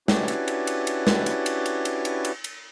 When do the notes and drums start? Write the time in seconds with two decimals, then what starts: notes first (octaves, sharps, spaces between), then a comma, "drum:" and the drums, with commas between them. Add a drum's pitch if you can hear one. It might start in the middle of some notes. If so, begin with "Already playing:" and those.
0.08 C#4 D4 E4 F#4 G4 B4, drum: snare
0.28 drum: cymbal
0.48 drum: cymbal
0.67 drum: cymbal
0.87 drum: cymbal
1.07 drum: snare
1.26 drum: cymbal
1.46 drum: cymbal
1.66 drum: cymbal
1.85 drum: cymbal
2.05 drum: cymbal
2.25 drum: cymbal
2.44 drum: cymbal